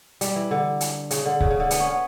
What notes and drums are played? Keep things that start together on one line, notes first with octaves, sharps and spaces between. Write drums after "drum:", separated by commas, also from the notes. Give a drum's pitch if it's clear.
G3, drum: hi-hat
E3
D3
drum: hi-hat
C#3, drum: hi-hat
D3
C#3, drum: kick C#1
C#3
D3
B3, drum: hi-hat
C#4
B3